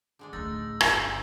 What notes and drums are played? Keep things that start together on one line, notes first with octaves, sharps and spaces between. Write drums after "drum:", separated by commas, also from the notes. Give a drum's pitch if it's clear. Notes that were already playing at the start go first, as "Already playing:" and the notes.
D3 G#3 D4
A1 D2 D#4 E6 A6 A#6
G1 B2 D3 D#4 C5, drum: rim click